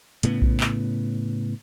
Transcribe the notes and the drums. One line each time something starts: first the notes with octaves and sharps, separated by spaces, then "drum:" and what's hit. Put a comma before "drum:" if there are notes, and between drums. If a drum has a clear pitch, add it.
A2 C#3 B3, drum: hi-hat
drum: kick A#1
drum: clap